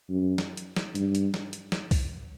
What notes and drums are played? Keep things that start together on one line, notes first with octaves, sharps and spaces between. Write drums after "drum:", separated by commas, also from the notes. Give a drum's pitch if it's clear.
F#2
drum: snare
drum: hi-hat
drum: snare
G2, drum: hi-hat
drum: hi-hat
drum: snare
drum: hi-hat
drum: snare
drum: kick C2, open hi-hat